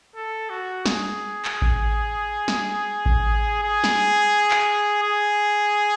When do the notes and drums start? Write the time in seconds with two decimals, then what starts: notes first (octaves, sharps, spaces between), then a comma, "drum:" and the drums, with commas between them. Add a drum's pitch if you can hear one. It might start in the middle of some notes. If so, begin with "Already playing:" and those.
0.16 A4
0.50 F#4
0.86 G#4, drum: snare
1.45 drum: clap
1.62 drum: kick A1
2.48 drum: snare
3.06 drum: kick A1
3.63 G#4
3.84 drum: snare
4.51 drum: clap
5.02 G#4